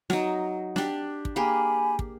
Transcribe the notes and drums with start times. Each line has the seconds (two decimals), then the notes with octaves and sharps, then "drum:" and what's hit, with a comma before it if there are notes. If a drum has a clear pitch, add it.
0.10 F#3 D#4, drum: snare
0.76 D4 G4, drum: snare
1.25 drum: kick
1.36 A#3 G4 G#4 G#5 B5
1.99 drum: kick